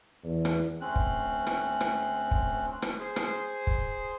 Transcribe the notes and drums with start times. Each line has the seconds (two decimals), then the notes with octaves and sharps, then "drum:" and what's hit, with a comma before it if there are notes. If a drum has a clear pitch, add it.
0.24 E2
0.45 drum: rim click
0.81 D2 C4 C#4 F#6
0.96 drum: kick
1.47 drum: rim click
1.80 drum: rim click
2.31 drum: kick
2.82 drum: rim click
2.99 G#4 C5
3.16 drum: rim click
3.67 drum: kick